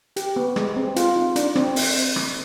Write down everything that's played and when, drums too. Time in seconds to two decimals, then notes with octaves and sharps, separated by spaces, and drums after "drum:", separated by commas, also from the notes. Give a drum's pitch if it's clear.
0.16 G4, drum: hi-hat
0.36 B3
0.56 G#3, drum: rim click
0.76 C4
0.96 F4, drum: hi-hat
1.16 D#4
1.36 D4, drum: hi-hat
1.56 C4, drum: rim click
1.76 drum: open hi-hat
2.16 drum: rim click